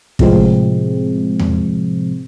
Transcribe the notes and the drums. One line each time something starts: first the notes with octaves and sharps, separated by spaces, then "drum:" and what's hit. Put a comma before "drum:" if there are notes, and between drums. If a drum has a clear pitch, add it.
A2 C3 F3 G#3 C4, drum: kick
drum: tom E2